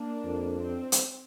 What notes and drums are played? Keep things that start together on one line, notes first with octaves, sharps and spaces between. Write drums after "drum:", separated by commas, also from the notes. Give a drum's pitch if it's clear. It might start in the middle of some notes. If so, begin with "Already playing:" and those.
Already playing: A#3 D4
F2
C4
drum: hi-hat